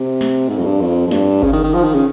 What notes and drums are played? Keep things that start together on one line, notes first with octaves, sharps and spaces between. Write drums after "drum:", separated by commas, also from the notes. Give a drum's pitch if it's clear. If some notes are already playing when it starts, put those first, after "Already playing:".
Already playing: C3
drum: snare
G#2
F2
G2
F2
F2
G2, drum: snare
C#3, drum: kick G1
D#3
D#3
F3
D#3
C#3